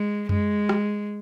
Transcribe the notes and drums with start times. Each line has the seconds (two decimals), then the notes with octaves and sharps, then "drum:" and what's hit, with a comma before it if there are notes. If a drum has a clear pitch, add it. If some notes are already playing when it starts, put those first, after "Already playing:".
Already playing: G#3
0.29 G#3, drum: tom F#2
0.69 drum: rim click